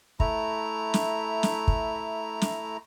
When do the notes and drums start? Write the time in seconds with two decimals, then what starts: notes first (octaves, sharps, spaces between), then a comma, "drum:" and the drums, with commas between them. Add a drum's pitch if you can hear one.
0.20 A3 E4 A#5, drum: kick
0.94 drum: snare
1.43 drum: snare
1.68 drum: kick
2.42 drum: snare